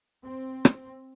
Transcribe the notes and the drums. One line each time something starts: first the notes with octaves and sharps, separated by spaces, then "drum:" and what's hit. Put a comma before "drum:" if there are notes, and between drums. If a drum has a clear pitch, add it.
C4
drum: rim click